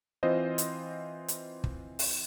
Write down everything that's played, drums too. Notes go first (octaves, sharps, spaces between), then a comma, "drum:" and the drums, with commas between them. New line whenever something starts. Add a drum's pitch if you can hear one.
E3 C4 F4 C5 D#5
drum: hi-hat
drum: hi-hat
drum: kick
drum: open hi-hat